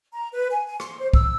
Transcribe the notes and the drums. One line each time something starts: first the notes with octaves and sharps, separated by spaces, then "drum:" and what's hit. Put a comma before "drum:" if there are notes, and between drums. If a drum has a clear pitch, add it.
A#5
B4
G#5
G#5
C6, drum: rim click
C5
E6, drum: kick